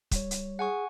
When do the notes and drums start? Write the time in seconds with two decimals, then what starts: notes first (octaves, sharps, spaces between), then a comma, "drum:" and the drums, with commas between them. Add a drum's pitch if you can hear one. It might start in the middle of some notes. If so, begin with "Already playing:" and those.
0.11 G3 C#5, drum: kick, hi-hat
0.31 drum: hi-hat
0.59 G#4 F#5 G#5 C#6